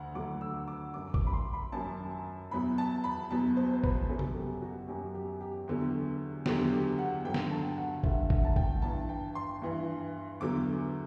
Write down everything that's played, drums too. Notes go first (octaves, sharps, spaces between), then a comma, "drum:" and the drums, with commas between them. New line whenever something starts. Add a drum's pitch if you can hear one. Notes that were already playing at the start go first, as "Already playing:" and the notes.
Already playing: D2 D3 F#5
D2 D3 F#3 D6
E6
D6
F#2 F#3 D6
D6, drum: kick G#1
B5
C6
B5
F#2 F#3 A5
E2 B2 F#3 B5
A5
B5
E2 B2 F#3 A5
C5
C5
B4, drum: kick G#1
F#2 F#3 A4
drum: tom C3
G4
F#4
F#2 F#3 G4
G4
G4
E2 D3 F#3
E2 D3 F#3 G4, drum: snare
G4
F#5
G2 D3 F#3 G5
drum: snare
A5
F#5
G2 D3 F#3 E5, drum: kick G#1
E5, drum: kick G#1
A5
G5, drum: kick G#1
G2 E3 A5
G5
C6
G2 E3
E2 D3 F#3 D6